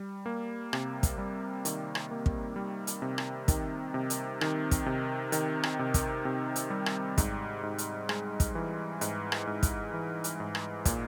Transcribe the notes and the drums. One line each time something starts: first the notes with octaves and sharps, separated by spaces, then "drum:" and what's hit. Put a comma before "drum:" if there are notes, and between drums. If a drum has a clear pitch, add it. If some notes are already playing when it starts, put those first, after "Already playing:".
Already playing: G3
A#3
C3, drum: rim click
drum: kick, hi-hat
G3
D#3, drum: hi-hat
drum: rim click
A#3
drum: kick
G3
drum: hi-hat
C3
drum: rim click
D#3, drum: kick, hi-hat
C3
drum: hi-hat
D#3, drum: rim click
drum: kick, hi-hat
C3
D#3, drum: hi-hat
drum: rim click
C3
drum: kick, hi-hat
C3
drum: hi-hat
G3
drum: rim click
G#2, drum: kick, hi-hat
G#2
drum: hi-hat
G#3, drum: rim click
drum: kick, hi-hat
E3
G#2, drum: hi-hat
drum: rim click
G#2
drum: kick, hi-hat
E3
drum: hi-hat
G#2
drum: rim click
A#2, drum: kick, hi-hat